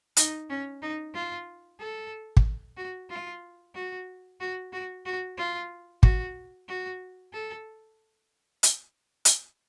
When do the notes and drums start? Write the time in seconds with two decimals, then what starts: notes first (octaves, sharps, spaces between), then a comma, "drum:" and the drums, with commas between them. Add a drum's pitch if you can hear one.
0.17 D#4, drum: hi-hat
0.49 C#4
0.82 D#4
1.14 F4
1.79 A4
2.37 drum: kick
2.77 F#4
3.09 F4
3.75 F#4
4.40 F#4
4.72 F#4
5.05 F#4
5.38 F4
6.03 F#4, drum: kick
6.68 F#4
7.33 A4
8.63 drum: hi-hat
9.25 drum: hi-hat